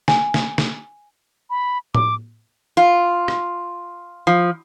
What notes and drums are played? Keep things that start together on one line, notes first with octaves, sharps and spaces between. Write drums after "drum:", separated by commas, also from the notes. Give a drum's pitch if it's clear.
G#5, drum: snare
drum: snare
drum: snare
B5
D6, drum: tom A2
F4
drum: rim click
F3